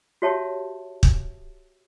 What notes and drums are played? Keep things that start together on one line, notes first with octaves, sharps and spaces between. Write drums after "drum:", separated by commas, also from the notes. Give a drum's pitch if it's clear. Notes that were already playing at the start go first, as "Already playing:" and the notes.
F#4 G4 C#5 E5 A5
drum: kick